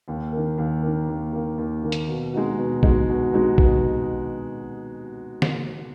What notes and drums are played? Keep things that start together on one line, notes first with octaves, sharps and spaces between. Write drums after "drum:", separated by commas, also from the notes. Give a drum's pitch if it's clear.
D#2
D#3 A#3
D#2
D#3 A#3
D#2
D#3 A#3
D#2
D#3 A#3
drum: hi-hat
B2
G#3 D#4 F#4
B2
G#3 D#4 F#4, drum: kick A#1
B2
G#3 D#4 F#4
B2, drum: kick A#1
drum: snare